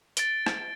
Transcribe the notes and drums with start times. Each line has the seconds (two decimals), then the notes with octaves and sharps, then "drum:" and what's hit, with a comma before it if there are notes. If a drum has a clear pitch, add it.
0.17 A6 D7 G7, drum: hi-hat
0.46 drum: rim click